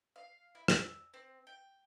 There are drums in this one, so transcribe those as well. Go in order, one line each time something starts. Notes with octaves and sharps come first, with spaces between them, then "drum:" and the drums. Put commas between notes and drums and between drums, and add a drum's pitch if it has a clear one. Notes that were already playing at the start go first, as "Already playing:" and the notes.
F5
E4
E6, drum: rim click
C4
G5